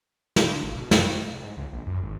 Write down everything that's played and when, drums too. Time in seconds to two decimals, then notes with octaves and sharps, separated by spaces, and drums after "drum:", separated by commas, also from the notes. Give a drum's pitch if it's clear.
0.36 D3, drum: snare
0.49 D3
0.63 G#1
0.76 B2
0.91 F#2, drum: snare
1.12 F2
1.28 C2
1.43 G#2
1.57 C#2
1.73 A#1
1.87 F#2
2.03 G#1